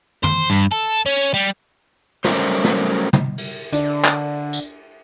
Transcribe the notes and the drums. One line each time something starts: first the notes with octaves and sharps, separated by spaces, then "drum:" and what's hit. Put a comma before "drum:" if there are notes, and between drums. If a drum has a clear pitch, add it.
C5, drum: tom
G2
A4
C#4
drum: tambourine
G3
F#3 G3 A3 C#4 A#4 C5, drum: snare
drum: snare
drum: tom
drum: cymbal
D3 D4, drum: hi-hat
drum: clap
drum: tambourine